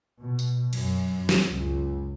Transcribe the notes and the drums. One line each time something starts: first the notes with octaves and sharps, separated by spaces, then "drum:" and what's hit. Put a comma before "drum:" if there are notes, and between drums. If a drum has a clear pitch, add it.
B2
drum: tambourine
F#2, drum: cymbal
drum: snare
C#2